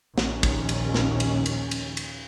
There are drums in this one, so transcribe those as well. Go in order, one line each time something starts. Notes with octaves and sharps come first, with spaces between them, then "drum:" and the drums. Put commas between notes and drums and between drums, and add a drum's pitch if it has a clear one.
A#1 D#2 D#3 C#4, drum: snare
drum: kick, cymbal
drum: cymbal
drum: snare
drum: cymbal
drum: cymbal
drum: cymbal
drum: cymbal